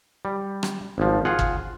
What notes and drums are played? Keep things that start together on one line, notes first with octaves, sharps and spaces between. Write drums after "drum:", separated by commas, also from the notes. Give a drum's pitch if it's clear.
G3
drum: rim click
G#1 F3
F4 G#4 F#5
drum: kick